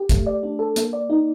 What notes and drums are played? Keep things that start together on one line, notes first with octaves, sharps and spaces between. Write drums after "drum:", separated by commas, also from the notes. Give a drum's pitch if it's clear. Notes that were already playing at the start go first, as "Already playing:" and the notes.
Already playing: G4
A3, drum: kick, hi-hat
D5
D4
A4
A#3, drum: hi-hat
D5
D#4